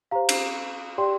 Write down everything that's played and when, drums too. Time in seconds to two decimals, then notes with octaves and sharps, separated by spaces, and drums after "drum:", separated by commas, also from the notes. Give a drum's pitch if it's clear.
0.11 G4 C5 F5 A#5
0.29 drum: cymbal
0.98 G4 D5 G5 C6